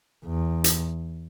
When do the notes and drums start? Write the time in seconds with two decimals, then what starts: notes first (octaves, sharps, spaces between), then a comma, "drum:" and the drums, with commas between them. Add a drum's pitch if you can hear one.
0.25 E2
0.64 drum: hi-hat